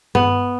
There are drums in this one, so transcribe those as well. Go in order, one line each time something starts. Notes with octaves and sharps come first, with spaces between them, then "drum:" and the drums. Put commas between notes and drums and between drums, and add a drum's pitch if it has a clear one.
B3, drum: tom G2